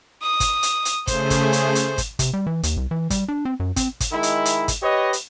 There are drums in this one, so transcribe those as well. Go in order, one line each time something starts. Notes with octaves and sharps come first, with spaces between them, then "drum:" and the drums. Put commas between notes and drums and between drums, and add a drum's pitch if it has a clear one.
D#6
drum: kick, hi-hat
drum: hi-hat
drum: hi-hat
C#3 A3 G#4 C5, drum: kick, hi-hat
drum: kick, hi-hat
drum: hi-hat
drum: hi-hat
drum: kick, hi-hat
C3, drum: kick, hi-hat
G3
E3
D#2, drum: hi-hat
C2
E3
G3, drum: kick, hi-hat
D4
C4
F#2
C4, drum: kick, hi-hat
drum: kick, hi-hat
D#3 G#3 E4
drum: hi-hat
drum: hi-hat
drum: kick, hi-hat
G4 B4 C#5 D#5
drum: hi-hat